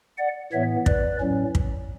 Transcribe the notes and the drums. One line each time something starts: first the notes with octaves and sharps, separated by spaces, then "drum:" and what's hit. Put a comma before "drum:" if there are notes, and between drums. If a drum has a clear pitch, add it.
D5 F#5
A2 E3 B3 C#5 E5
B4 D5, drum: kick
A2 F#3 C#4
drum: kick